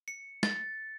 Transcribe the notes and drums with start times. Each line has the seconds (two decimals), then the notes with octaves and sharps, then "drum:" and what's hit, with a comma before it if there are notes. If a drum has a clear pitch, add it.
0.08 C#7
0.43 A6, drum: snare